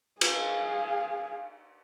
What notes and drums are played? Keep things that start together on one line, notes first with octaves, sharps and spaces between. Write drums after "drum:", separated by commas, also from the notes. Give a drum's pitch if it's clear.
G#4 F5, drum: cymbal